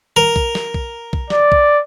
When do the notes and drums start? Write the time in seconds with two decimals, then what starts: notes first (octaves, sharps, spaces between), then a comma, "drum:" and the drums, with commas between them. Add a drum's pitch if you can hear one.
0.16 A#4
0.36 drum: kick B1
0.55 drum: snare
0.74 drum: kick B1
1.13 drum: kick B1
1.30 D5, drum: snare
1.52 drum: kick B1